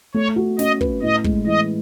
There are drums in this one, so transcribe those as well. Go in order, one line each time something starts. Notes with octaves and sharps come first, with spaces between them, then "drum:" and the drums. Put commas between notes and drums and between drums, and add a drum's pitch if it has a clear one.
A3 C#5
F#4
C#4 D#5, drum: snare
B4, drum: kick
A2 D#5
G#3, drum: kick
E3 D#5